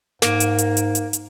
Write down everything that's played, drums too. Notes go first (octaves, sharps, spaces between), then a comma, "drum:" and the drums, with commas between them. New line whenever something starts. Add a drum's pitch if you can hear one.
G#2 A#3, drum: snare
drum: hi-hat
drum: hi-hat
drum: hi-hat
drum: hi-hat
drum: hi-hat